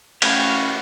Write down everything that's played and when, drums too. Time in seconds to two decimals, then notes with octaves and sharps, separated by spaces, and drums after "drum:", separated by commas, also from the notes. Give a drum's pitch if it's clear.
0.22 E3 A3 C#4 F#4 C#5 F5 G5 B5, drum: cymbal